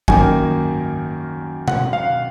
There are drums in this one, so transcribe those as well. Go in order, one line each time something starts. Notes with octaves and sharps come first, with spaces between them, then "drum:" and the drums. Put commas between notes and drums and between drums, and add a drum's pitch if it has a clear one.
F#2 D#3 A#3 G#5, drum: kick
F#5, drum: tom B2
F5